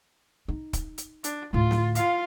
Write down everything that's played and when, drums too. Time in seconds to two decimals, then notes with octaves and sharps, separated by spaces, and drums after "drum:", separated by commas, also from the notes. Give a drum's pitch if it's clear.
0.48 D#4
0.73 drum: kick, hi-hat
0.98 drum: hi-hat
1.24 D4, drum: hi-hat
1.53 D2 A2 F4
1.71 drum: snare
1.95 F4 F5, drum: hi-hat